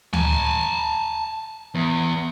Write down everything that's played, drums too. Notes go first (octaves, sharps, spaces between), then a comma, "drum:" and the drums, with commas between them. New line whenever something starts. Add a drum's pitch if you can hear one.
G#5 A5, drum: tom D2
E2